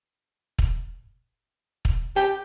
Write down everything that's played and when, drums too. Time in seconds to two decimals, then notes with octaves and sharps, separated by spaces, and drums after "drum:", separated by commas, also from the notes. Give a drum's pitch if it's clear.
0.59 drum: kick
1.85 drum: kick
2.16 G4 G5